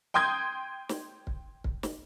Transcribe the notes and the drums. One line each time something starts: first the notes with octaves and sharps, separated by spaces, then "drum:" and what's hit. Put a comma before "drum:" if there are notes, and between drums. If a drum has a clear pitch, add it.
G5 C6 D#6 G6 G#6
drum: snare
drum: kick
drum: kick
drum: snare